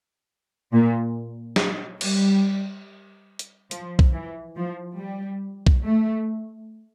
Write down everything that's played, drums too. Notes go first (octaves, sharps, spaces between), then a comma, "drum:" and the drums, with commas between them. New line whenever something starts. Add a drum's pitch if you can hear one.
A#2
drum: snare
G3, drum: cymbal
drum: hi-hat
F3, drum: hi-hat
drum: kick B1
E3
F3
G3
drum: kick B1
A3